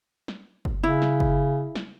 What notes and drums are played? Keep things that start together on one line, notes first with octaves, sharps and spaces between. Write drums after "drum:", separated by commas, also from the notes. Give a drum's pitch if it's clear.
drum: snare
drum: kick
C#3 E4
drum: snare
drum: kick
drum: snare